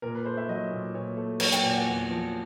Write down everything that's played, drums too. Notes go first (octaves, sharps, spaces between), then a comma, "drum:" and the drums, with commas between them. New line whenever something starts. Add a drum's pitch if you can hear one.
A#2 A#4
B4
A3 C5
E5
F#3 D#5
A#2
A#2 C#5
A3
F#3 C#5, drum: cymbal
G5, drum: hi-hat
A#2 G#5
F#5
E2 F#5
F3